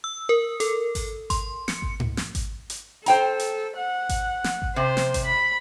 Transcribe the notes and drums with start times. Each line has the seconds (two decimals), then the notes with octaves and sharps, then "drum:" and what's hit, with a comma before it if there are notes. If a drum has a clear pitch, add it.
0.04 E6
0.29 A#4
0.60 A4, drum: hi-hat
0.95 drum: kick G#1, open hi-hat
1.30 C6, drum: kick G#1, hi-hat
1.68 C#7, drum: snare
1.82 drum: kick G#1
2.00 drum: tom G#2
2.17 drum: snare
2.35 drum: kick G#1, hi-hat
2.70 drum: hi-hat
3.06 A4 C5 G5 A#5, drum: hi-hat
3.40 drum: hi-hat
3.78 F#5
4.09 drum: kick G#1, hi-hat
4.44 drum: snare
4.62 drum: kick G#1
4.76 C3 C5
4.97 drum: snare
5.14 drum: kick G#1, hi-hat
5.26 B5